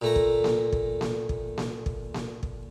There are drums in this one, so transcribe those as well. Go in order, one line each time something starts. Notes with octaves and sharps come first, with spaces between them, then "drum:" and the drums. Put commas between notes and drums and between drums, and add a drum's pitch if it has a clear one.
A#2 A3 A#5
drum: kick
drum: snare A#3
drum: kick
drum: snare A#3
drum: kick
drum: snare A#3
drum: kick
drum: snare A#3
drum: kick